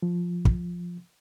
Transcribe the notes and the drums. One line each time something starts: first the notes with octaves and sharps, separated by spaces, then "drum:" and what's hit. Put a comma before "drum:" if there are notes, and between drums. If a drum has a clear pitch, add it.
F3
drum: kick